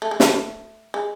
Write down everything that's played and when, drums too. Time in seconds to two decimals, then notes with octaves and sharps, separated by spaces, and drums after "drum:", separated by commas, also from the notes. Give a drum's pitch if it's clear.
0.02 A3
0.11 G#3
0.20 A3, drum: snare
0.94 G#3